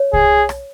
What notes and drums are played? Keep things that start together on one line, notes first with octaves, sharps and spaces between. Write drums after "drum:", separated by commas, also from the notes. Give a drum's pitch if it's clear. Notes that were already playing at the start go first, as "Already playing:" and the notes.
Already playing: C#5
G#4, drum: kick C2
drum: rim click